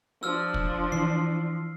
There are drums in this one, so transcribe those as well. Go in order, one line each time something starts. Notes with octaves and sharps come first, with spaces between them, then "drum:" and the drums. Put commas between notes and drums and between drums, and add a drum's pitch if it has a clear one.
F3 D4 E6 F6
drum: kick
E3 C7